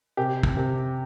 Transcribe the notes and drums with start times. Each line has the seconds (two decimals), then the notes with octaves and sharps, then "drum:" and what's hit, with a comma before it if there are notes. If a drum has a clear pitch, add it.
0.17 C3 G4
0.43 drum: kick
0.57 C3